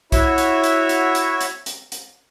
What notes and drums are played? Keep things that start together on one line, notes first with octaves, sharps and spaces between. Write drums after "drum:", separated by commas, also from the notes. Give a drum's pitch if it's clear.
E4 F#4 C#5 E5, drum: kick B1, hi-hat
drum: hi-hat
drum: hi-hat
drum: hi-hat
drum: hi-hat
drum: hi-hat
drum: hi-hat
drum: hi-hat